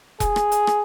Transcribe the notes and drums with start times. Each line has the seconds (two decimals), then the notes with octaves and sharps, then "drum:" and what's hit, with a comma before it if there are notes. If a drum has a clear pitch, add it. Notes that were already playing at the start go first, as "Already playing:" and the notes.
0.20 G#4, drum: kick E1, hi-hat
0.36 drum: rim click
0.52 drum: hi-hat
0.67 drum: rim click